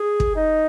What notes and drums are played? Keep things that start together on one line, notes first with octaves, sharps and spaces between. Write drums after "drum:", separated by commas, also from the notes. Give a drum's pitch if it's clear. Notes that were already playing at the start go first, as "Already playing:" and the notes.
Already playing: G#4
drum: kick
D#4